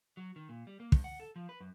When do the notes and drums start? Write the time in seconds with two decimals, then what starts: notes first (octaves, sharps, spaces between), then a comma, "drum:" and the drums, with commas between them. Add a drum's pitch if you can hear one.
0.17 F#3
0.36 D#3
0.49 A#2
0.67 G3
0.80 A#3
0.92 G2, drum: kick
1.04 F#5
1.20 A4
1.36 F3
1.49 B4
1.60 F#2